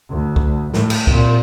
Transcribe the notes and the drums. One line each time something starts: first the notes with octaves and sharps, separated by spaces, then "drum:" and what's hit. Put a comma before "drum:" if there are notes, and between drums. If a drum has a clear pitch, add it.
D2
drum: kick
A2, drum: snare
drum: cymbal
C2 A#2, drum: kick